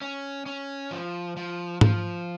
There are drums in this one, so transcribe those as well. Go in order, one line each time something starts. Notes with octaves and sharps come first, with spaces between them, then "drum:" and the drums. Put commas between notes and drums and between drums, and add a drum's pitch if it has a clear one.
C#4
C#4
F3
F3
F3, drum: tom G#2